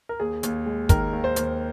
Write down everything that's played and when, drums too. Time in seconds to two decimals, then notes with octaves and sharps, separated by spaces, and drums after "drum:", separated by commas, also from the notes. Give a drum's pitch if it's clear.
0.09 A#4
0.20 D#2 G#4
0.43 D#2, drum: hi-hat
0.66 G#3
0.89 D#3 A#4, drum: kick, hi-hat
1.13 D#2
1.24 C5
1.36 D#2, drum: hi-hat